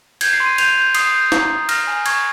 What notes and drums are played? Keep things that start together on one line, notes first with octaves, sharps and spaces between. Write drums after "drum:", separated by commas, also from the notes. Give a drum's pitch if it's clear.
G6 G#6, drum: cymbal
C7
C6
D#7
G6 F7, drum: cymbal
G6
D#6 C7, drum: cymbal
G6
A#5, drum: snare
D#6
F6 A#6, drum: cymbal
G#5
C#6 G#6, drum: cymbal